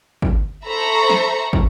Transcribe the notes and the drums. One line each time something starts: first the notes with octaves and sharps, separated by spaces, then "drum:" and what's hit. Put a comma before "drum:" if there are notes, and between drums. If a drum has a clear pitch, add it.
drum: kick
A4 C5 E5 A#5 B5 C#6
drum: snare
drum: kick